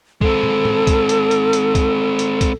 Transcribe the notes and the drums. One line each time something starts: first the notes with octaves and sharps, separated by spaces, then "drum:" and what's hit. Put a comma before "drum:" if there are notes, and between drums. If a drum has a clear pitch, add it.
G#3 C4 A4, drum: kick
drum: tom
drum: tom
drum: kick, hi-hat
drum: hi-hat
drum: hi-hat
drum: hi-hat
drum: kick, hi-hat
drum: hi-hat
drum: kick, hi-hat